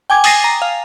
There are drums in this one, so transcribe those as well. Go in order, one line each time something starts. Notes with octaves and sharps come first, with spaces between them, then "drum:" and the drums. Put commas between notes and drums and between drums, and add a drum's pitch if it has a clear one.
G5 G#5 D6 G#6
G#5 D#6 A6 A#6 C7 D#7, drum: open hi-hat
A#5
F5